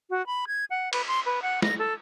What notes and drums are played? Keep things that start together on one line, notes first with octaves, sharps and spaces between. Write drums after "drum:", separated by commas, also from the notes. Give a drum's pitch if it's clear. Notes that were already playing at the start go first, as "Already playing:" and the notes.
F#4
B5
G#6
F#5
B4, drum: cymbal
C6
B4
F#5
A#6, drum: snare
A4